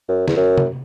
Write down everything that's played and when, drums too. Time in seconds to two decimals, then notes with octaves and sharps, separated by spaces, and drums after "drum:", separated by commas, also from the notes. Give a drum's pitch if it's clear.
0.09 F#2
0.28 E2, drum: snare
0.37 F#2
0.58 drum: tom C3